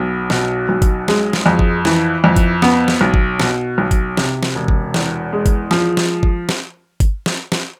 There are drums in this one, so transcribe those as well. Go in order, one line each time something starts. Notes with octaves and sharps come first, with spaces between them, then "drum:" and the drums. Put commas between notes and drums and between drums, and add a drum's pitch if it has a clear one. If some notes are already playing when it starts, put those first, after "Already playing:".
Already playing: B1 B3
B2, drum: snare
B1
drum: kick G1, hi-hat
G#3, drum: snare
drum: snare
F2
drum: kick G1
E3, drum: snare
F2
drum: kick G1, hi-hat
B3, drum: snare
drum: snare
B1
drum: kick G1
B2, drum: snare
B1
drum: kick G1, hi-hat
C3, drum: snare
drum: snare
E1
drum: kick G1
E2, drum: snare
G#3
drum: kick G1, hi-hat
F3, drum: snare
drum: snare
drum: kick G1
drum: snare
drum: kick G1, hi-hat
drum: snare
drum: snare